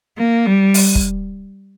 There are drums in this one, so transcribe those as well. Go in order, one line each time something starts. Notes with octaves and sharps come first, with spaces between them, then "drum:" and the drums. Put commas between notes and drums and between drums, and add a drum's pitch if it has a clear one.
A#3
G3
drum: open hi-hat
drum: kick